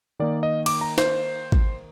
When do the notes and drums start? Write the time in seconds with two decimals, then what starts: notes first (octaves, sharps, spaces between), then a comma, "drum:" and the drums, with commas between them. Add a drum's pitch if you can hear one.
0.19 D#3 A#3 D#4 D5
0.43 D#5
0.66 D6, drum: cymbal
0.81 A#5
0.98 C5, drum: snare
1.52 drum: kick G#1